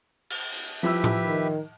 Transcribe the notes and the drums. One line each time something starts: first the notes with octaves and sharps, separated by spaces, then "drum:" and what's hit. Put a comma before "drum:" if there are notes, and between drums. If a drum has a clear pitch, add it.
drum: cymbal
drum: open hi-hat
F3 E4 G4 B4 E5 E6
drum: tom A2
D#3